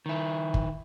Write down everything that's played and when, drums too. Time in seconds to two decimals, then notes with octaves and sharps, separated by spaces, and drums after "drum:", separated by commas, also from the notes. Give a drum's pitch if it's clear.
0.06 D#3 E4
0.54 drum: kick